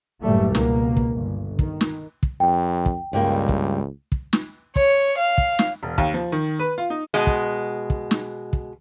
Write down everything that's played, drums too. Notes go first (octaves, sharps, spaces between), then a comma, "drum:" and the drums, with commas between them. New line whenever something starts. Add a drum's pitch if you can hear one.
F#1 A2 E3 G3 A3
C#2 B2 A#3, drum: snare
drum: kick
G1
D#3, drum: kick
drum: snare
drum: kick
F2 G5
drum: kick
C#2 G2 G3 A#3
drum: kick
drum: kick
drum: snare
C#5, drum: kick
F5
drum: kick
drum: snare
E1
D#2, drum: kick
F3
D#3
B4
F4
D#4
B2 G#3
drum: kick
drum: kick
drum: snare
drum: kick